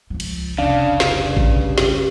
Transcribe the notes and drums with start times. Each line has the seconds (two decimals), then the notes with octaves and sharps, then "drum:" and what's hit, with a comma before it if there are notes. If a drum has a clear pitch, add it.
0.10 C#2 F3
0.20 drum: cymbal
0.58 F1 C2 C#3 D4 F5
1.00 drum: snare
1.10 G2
1.37 drum: kick A1
1.78 G4, drum: snare